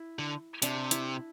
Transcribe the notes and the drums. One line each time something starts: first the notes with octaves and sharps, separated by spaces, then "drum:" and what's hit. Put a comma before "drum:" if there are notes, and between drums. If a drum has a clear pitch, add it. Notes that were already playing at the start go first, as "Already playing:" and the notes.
Already playing: E4
D3
C3 D4, drum: hi-hat
E4, drum: hi-hat